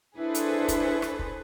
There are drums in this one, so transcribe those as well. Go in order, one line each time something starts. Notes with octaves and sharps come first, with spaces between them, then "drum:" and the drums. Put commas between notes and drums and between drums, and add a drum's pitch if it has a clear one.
D4 E4 G#4 A4 B4 C5
drum: hi-hat
drum: kick, hi-hat
drum: rim click
drum: kick